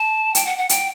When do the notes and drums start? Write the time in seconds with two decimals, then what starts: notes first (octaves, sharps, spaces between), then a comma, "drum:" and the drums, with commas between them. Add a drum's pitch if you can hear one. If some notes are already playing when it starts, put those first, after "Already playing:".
Already playing: A5
0.35 G5, drum: hi-hat
0.46 F#5
0.58 F#5
0.69 G5, drum: hi-hat